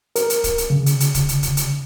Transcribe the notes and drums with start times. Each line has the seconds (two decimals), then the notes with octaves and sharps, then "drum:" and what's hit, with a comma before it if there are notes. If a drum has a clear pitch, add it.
0.16 A#4, drum: hi-hat
0.30 drum: hi-hat
0.44 drum: kick, hi-hat
0.58 drum: hi-hat
0.70 C#3
0.86 drum: hi-hat
1.00 drum: hi-hat
1.14 drum: kick, hi-hat
1.29 drum: hi-hat
1.43 drum: kick, hi-hat
1.57 drum: hi-hat